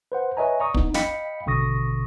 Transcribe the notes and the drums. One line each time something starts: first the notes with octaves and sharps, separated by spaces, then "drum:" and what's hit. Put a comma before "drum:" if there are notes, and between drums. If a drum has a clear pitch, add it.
B4 C5 F#5
B4 C#5 D#5 E5 G#5 A#5
D5 A#5 C#6 D#6
B3 D#4, drum: kick
D#5 F5 G5 B5 B6 C#7, drum: snare
A1 B2 D3 C#6 D#6 A#6